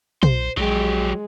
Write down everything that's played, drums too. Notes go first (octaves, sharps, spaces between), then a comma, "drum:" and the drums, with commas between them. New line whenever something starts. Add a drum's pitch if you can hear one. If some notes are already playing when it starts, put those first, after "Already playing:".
B1 C5, drum: tom
A#1 F#3 G#3 G4